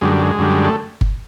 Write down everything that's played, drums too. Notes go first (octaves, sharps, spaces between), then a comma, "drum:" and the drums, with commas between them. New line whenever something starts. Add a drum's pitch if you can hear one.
F#2 D3 G3 G#3
G3
G#3
F#2 D3 G3
A3
drum: kick G1